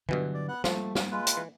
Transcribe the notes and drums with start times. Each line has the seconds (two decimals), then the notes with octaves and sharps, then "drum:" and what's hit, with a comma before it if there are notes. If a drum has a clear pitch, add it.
0.09 G2 B2 D3 E3 F#3
0.34 D5
0.48 B3 F#5
0.64 F3 G3 A3, drum: snare
0.95 drum: snare
1.11 G#3 F4 B4
1.27 drum: hi-hat
1.37 E3